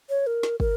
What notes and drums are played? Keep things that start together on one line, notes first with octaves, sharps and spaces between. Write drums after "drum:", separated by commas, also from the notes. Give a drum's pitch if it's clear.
C#5
A#4
drum: snare
A#4, drum: kick